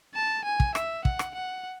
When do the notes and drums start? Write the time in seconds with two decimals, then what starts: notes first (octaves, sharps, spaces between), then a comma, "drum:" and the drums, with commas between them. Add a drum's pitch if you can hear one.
0.14 A5
0.45 G#5
0.60 drum: kick
0.75 E5, drum: rim click
1.05 F#5, drum: kick
1.19 drum: rim click
1.35 F#5